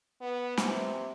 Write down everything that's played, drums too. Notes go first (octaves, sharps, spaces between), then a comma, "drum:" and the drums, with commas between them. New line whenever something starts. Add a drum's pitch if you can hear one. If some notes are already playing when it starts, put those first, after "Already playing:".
B3
C3, drum: snare